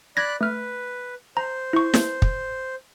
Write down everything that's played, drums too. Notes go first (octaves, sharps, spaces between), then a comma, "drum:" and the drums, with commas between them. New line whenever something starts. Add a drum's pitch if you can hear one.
D5 B5 F#6 G#6 A#6
A3 B4 F6
C5 A#5
E4 C#6
drum: snare
drum: kick